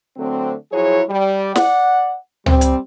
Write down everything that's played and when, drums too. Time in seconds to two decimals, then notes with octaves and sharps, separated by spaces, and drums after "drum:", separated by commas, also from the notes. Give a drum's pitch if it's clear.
0.17 D3 F#3 A3 C4
0.72 F3 F#3 E4 G#4 C#5
1.09 G3
1.56 D5 F#5, drum: snare
2.46 G3 C4, drum: tom C#2
2.61 drum: hi-hat